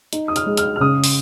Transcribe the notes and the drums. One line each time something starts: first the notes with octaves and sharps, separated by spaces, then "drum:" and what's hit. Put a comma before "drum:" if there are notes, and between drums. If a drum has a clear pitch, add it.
D#4, drum: hi-hat
D#6
F6, drum: hi-hat
G#3
F6, drum: hi-hat
F6
C#3 D#6
drum: open hi-hat